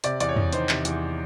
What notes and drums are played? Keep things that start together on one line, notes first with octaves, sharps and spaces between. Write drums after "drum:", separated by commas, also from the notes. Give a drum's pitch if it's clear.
C3 D5, drum: hi-hat
E2 D5, drum: hi-hat
C#5
E2, drum: tom
D#3 C5, drum: hi-hat
C3, drum: clap
E2, drum: hi-hat